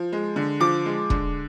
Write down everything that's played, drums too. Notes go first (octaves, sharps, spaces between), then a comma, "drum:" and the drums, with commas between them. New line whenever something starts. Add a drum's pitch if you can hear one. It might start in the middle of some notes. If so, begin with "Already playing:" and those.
Already playing: F3
G#3
D3
F3 D6
G#3
D3, drum: kick E1